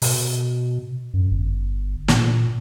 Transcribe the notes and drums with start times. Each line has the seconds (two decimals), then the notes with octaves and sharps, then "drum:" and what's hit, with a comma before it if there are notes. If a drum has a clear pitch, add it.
0.02 B2, drum: open hi-hat
1.14 F#2
1.31 G1
2.08 A#2, drum: snare